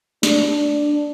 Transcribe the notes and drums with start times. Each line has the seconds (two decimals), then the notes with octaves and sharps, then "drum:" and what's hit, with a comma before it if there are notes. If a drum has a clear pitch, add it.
0.23 D4, drum: snare